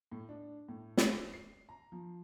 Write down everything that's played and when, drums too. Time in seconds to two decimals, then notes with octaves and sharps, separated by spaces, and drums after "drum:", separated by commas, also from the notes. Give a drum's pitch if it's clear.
0.12 A2
0.29 D4
0.68 A2
0.97 C#5, drum: snare
1.33 C7
1.69 A#5
1.92 F3